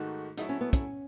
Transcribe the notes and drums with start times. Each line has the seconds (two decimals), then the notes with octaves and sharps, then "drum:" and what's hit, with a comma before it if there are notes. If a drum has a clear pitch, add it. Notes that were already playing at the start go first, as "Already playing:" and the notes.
Already playing: G#2 D#3 A3 D#4 F#4
0.37 F#3 A3 D#4 E4 A4 E5, drum: hi-hat
0.49 C#4
0.61 B3
0.73 C#4, drum: kick, hi-hat